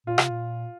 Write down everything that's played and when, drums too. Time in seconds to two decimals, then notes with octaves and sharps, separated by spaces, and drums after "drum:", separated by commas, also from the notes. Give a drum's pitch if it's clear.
0.06 A#2 F4
0.18 C3, drum: rim click
0.30 A#2